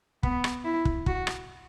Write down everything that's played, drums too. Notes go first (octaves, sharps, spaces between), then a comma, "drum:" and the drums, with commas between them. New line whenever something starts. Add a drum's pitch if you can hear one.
B3, drum: kick
drum: rim click
E4
drum: kick
F#4, drum: kick
drum: rim click